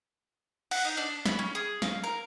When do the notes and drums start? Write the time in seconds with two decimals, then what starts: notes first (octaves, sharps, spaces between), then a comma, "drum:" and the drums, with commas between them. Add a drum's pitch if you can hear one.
0.71 F#5, drum: cymbal
0.85 D#4
0.97 D4
1.26 B5, drum: snare
1.39 C#4
1.55 G#4
1.82 F5, drum: snare
2.04 A#4